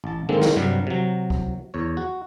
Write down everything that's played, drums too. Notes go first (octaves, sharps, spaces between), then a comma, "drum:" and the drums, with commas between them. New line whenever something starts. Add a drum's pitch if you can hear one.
A1 A5
D3 D#3 G#3 A#3 C4
drum: snare
G2 C3 F#3 G3
C3 F#3
drum: kick
E2 C#5
F#4